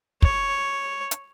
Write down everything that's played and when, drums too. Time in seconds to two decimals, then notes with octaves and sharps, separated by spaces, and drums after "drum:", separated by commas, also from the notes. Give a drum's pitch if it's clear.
0.22 C#5, drum: kick
1.11 drum: hi-hat